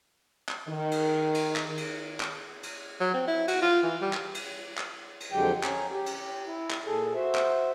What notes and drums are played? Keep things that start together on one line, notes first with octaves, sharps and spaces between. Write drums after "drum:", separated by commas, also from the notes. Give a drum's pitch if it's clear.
drum: clap
D#3
drum: cymbal
drum: cymbal
drum: clap
drum: cymbal
drum: clap
drum: cymbal
F#3
C4
E4
F#4, drum: cymbal
F4
E3
G3
drum: clap
drum: cymbal
drum: clap
drum: cymbal
F2 D3 F#3 G#3 G4 G5
C#4 G#5 A#5, drum: clap
G4
drum: cymbal
E4
drum: clap
A#2 G#4 A4
F#4 C5 E5
drum: clap